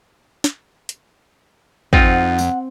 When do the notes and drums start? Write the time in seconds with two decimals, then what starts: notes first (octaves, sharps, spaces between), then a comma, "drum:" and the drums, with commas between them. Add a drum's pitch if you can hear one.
0.44 drum: snare
0.89 drum: hi-hat
1.93 F2 C4 D#4 F4 F#4 F#5, drum: kick
2.38 drum: tambourine